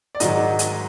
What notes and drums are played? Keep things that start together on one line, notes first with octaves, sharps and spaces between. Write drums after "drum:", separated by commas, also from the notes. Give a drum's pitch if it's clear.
D5
G#2 D#3 F#3 D#5, drum: hi-hat
drum: hi-hat